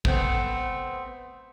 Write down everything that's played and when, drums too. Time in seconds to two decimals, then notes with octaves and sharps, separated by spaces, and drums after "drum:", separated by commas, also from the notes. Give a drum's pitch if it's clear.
0.05 A3 B3 C4, drum: kick